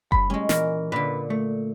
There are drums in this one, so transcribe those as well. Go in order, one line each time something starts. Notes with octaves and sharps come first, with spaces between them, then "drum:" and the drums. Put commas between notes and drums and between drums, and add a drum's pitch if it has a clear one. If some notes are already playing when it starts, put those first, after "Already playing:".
G2 B5, drum: kick F#1
A2 G3 G#3 C#4
A#2 E3 A#4, drum: snare
A#2 D3 B4
A3